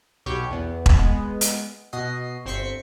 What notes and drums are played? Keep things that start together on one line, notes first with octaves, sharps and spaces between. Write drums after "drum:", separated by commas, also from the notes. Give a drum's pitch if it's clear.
B1 B2 G4 C#5 C#6
E2 B3
drum: kick E1
G#3 B3
drum: hi-hat
B2 F#4 D#5 C7
G1 C4 C6 C#6 B6 C#7